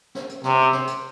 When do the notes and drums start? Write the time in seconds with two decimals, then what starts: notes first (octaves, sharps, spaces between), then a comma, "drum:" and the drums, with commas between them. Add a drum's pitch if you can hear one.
0.15 drum: snare
0.29 drum: hi-hat
0.44 C3, drum: snare
0.73 drum: snare
0.87 drum: hi-hat